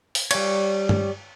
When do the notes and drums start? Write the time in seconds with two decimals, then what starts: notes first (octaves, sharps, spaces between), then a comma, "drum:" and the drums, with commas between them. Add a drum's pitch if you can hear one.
0.15 drum: open hi-hat
0.31 G3 C#5, drum: cymbal
0.89 drum: tom G2